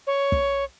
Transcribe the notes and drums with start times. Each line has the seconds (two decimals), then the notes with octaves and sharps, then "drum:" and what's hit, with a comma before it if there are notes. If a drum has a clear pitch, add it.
0.07 C#5
0.32 drum: kick